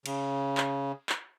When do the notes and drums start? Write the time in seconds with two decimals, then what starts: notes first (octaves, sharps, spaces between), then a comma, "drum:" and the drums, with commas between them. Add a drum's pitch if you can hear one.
0.06 C#3, drum: cymbal
0.57 drum: clap
1.09 drum: clap